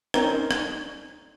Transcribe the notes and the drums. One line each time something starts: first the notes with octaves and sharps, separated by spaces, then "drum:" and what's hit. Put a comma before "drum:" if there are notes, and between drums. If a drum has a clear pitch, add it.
C4 C#4 D#4 A#4 C5, drum: rim click
drum: rim click